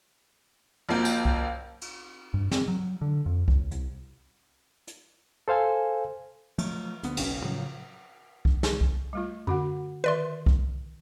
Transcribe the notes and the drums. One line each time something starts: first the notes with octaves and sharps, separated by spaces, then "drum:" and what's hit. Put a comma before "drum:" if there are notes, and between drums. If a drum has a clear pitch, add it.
F#1 F3 A#3 F4 G6
drum: tambourine
drum: kick C2
drum: cymbal
G2
C4, drum: snare
F#3
D3
F2
C#2, drum: kick C2
C2, drum: hi-hat
drum: hi-hat
A4 C5 F5 G#5
F3 F#3 A3, drum: cymbal
D2 B3, drum: hi-hat
F#1 B1 C#4, drum: cymbal
A2 C#3 F3 F#3
drum: kick C2
drum: snare
drum: kick C2
G3 A3 F4
F#2 D3 F#4 F#5
D#3 B4 D5 E5 C6
drum: kick C2